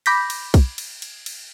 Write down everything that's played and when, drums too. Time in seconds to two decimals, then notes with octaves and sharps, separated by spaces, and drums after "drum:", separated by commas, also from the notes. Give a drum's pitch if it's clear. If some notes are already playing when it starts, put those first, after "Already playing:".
0.06 B5 D6 G6 A#6 B6, drum: cymbal
0.30 drum: cymbal
0.54 drum: kick B1, cymbal
0.78 drum: cymbal
1.02 drum: cymbal
1.26 drum: cymbal